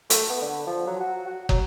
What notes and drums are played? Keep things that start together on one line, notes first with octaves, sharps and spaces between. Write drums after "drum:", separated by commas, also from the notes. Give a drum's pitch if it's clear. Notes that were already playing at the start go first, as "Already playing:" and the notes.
A3, drum: hi-hat
B3
D3
F3
F#3
F#4
F#4
F#3, drum: kick